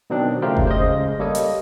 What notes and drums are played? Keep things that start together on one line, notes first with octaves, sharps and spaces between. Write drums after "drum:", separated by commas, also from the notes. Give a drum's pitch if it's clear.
B2 D#3 F#3 C4 D4
C#3 A3 F4 G4 A#4 C5
drum: kick F#1
C5 D#5
C#3 G#3
G3 A#3 A4 C#5 D#5
drum: hi-hat